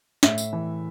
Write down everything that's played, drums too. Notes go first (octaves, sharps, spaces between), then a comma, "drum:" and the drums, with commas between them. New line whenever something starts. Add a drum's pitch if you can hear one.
A2 E5, drum: snare
drum: tambourine
E3